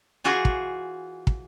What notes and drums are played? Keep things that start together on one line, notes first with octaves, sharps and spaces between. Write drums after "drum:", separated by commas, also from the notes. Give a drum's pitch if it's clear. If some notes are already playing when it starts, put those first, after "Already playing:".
E3 F4 F#4 G#4 C5
drum: kick
drum: kick